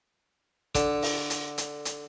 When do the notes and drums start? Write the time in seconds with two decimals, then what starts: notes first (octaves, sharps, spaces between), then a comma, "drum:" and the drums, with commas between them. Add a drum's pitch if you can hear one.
0.75 D3, drum: kick, hi-hat
1.02 drum: open hi-hat
1.30 drum: hi-hat
1.58 drum: hi-hat
1.85 drum: hi-hat